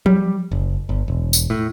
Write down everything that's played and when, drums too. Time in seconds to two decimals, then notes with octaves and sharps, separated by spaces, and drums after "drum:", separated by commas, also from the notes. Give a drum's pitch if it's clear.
0.06 G3, drum: tom F3
0.51 F#1
0.89 G1
1.08 E1
1.33 drum: tambourine
1.50 A2